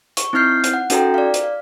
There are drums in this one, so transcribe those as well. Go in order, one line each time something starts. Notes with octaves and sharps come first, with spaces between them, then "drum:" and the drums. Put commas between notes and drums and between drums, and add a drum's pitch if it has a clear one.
C#6, drum: hi-hat
C4 D#4 E4 F6 G6 C7
drum: hi-hat
F#5
C#4 D#4 F#4 A4 G5 A#5, drum: hi-hat
D5 F5
drum: hi-hat
F5